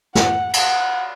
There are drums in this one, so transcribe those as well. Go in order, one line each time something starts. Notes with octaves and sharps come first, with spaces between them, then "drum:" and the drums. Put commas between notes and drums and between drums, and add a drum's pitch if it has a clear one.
F#5, drum: snare
F#5, drum: cymbal